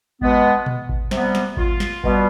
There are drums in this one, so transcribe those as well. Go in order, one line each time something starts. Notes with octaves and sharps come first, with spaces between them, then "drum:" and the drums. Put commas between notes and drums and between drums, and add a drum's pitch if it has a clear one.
B2 G#3 B3, drum: kick G#1
drum: tom A#2
drum: kick G#1
C3 G3 B3, drum: snare
drum: snare
F4, drum: kick G#1
drum: snare
B2 G3 B3, drum: kick G#1